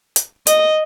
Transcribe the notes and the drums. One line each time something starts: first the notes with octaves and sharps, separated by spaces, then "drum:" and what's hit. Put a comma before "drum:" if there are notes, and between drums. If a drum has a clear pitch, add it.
drum: hi-hat
D#5, drum: hi-hat